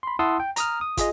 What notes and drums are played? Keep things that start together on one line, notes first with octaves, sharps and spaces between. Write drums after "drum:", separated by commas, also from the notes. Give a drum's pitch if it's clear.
B5 C6
E4 F#5 A5 C6 D#6 E6
G5
A#5 D#6 F6, drum: hi-hat
D#6
F4 G#4 D#5, drum: kick, hi-hat